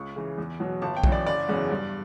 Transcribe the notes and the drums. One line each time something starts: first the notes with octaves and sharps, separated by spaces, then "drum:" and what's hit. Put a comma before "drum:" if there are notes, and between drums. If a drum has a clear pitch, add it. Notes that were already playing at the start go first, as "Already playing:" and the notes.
Already playing: C#2 C#6
C#3 E3
E2
B2 F#3 B3
G1 A5
G5
F#2 E3, drum: kick B1
D5
F#1 D5
E2 C#3 F#3 B3
G2